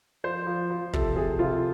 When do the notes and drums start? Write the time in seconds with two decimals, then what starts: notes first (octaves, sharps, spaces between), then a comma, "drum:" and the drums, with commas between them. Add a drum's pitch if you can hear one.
0.24 F3 C5
0.47 F3
0.70 F3
0.93 C3 A4, drum: kick
1.16 C3 G#4
1.39 C3 F4